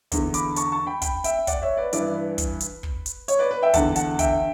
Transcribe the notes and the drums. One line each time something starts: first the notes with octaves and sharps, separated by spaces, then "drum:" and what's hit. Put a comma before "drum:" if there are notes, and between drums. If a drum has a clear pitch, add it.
E2 D3, drum: kick, hi-hat
B5 D6, drum: hi-hat
A5 C#6, drum: hi-hat
A5 C#6
G5 B5
G5 B5, drum: kick, hi-hat
E5 G5, drum: hi-hat
D5 F#5, drum: kick, hi-hat
C#5 E5
B4 D5
G2 E3 B4 D5, drum: hi-hat
B4
drum: kick, hi-hat
drum: hi-hat
drum: kick
drum: hi-hat
C#5, drum: hi-hat
B4 D5
B4
E5 G5
E2 D3 F#5 A5, drum: kick, hi-hat
F#5 A5, drum: hi-hat
E5 G5, drum: kick, hi-hat